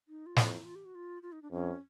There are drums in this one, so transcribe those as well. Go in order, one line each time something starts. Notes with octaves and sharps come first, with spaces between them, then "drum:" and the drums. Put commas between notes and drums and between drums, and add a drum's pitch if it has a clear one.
D#4
F4
F2 E4, drum: snare
F4
G4
F#4
F4
F4
D#4
D4
F2 C#4